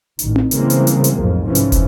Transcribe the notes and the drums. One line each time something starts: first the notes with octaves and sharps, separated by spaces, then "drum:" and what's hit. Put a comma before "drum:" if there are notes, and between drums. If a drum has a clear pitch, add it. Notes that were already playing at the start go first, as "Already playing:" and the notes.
A1 D#3, drum: hi-hat
drum: tom C4
C#3 E3 G3 G#3 A#3 C4, drum: hi-hat
drum: hi-hat
drum: hi-hat
drum: hi-hat
B1 F2 A2
G#2 C3 E3 F3 C#4
drum: hi-hat
drum: kick, hi-hat